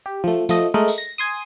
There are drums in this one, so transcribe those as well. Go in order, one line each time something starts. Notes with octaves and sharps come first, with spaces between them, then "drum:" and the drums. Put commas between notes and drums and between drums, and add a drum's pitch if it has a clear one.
G4
F3 A3
F3 A3 D#5, drum: tambourine
G#3 A3 A#4 D#5
drum: tambourine
A#6
G#5 C6 D#6